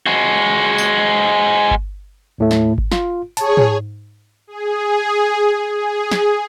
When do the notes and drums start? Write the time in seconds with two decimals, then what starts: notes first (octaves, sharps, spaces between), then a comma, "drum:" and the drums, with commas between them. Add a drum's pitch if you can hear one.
0.06 G#3 F#4
0.78 drum: tambourine
1.71 drum: kick G1
2.38 D#2 A2 A3
2.51 drum: snare
2.78 drum: kick G1
2.91 F4, drum: snare
3.37 G#4 C#5 A5, drum: hi-hat
3.57 drum: tom
4.47 G#4
5.74 G#4
6.11 drum: snare